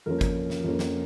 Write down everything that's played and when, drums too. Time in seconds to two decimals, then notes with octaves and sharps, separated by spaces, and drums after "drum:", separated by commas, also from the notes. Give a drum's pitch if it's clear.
0.06 F2 F3 A#3 C#4 A#4
0.21 drum: kick, hi-hat
0.50 drum: snare
0.64 F2 F3 A#3 C#4
0.79 drum: snare